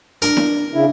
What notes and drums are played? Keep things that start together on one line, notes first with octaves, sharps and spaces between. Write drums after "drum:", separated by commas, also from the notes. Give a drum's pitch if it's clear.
D4 A#4, drum: hi-hat
drum: snare E4
C#3 D4 E4